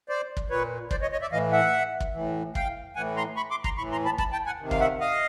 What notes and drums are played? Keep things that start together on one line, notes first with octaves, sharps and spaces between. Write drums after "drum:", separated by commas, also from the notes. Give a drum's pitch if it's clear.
C5 D5
drum: kick
A#2 B4 C#5
C5 D5, drum: kick
C#5 D#5
C#5 D#5
D5 E5
A2 E3 D#5 F5
E5 F#5
drum: kick
A2 E3
F5 G5, drum: kick
A2 E3 F#5 G#5
A#5 C6
B5 C#6
C6 D6
A#5 C6, drum: kick
A2 E3 B5 C#6
A#5 C6
A5 B5
A5 B5, drum: kick
G5 A5
F#5 G#5
C3 D#3
F5, drum: kick
E5 F#5
D#5 F5